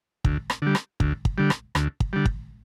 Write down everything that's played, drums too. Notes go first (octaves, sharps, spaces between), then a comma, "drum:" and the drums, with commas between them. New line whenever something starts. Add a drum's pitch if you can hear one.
D2, drum: kick
drum: rim click
D3 G3
drum: rim click
D2, drum: kick
drum: kick
D3 G3
drum: rim click
D2, drum: rim click
drum: kick
D3 G3
drum: kick